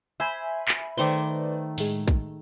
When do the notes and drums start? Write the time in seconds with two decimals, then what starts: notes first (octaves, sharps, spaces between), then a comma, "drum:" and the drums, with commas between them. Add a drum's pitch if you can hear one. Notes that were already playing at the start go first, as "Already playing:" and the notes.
0.20 C5 E5 G#5 B5
0.68 drum: clap
0.97 D#3 A3 B4 C5 D5 C6
1.78 A2 G#3, drum: open hi-hat
2.08 drum: kick